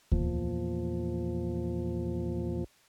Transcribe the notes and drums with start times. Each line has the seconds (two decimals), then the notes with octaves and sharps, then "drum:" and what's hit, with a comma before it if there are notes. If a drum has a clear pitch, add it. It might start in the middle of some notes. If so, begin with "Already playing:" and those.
0.12 E2 A#2 F3, drum: kick D2